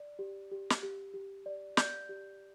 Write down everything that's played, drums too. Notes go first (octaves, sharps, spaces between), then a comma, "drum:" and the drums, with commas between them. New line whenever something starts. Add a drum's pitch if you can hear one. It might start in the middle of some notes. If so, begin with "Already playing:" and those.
Already playing: D5
G4
G4
drum: snare
G4
G4
D5
D5 G6, drum: snare
G4